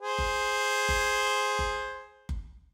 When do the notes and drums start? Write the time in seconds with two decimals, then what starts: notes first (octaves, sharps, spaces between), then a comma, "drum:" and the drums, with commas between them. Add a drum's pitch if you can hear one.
0.01 G#4 C5
0.18 drum: kick F#1
0.89 drum: kick F#1
1.59 drum: kick F#1
2.29 drum: kick F#1